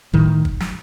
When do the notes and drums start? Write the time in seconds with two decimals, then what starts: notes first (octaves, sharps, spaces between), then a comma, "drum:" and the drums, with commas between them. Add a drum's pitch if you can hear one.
0.14 A2 D#3, drum: kick
0.45 drum: kick
0.60 drum: snare